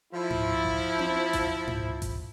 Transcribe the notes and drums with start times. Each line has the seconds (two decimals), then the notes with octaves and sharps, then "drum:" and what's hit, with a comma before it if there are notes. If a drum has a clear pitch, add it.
0.13 F3 E4
0.30 drum: tom G#2
0.65 drum: kick A1
0.99 drum: tom C4
1.33 drum: kick A1, hi-hat
1.67 drum: tom G#2
2.02 drum: kick A1, hi-hat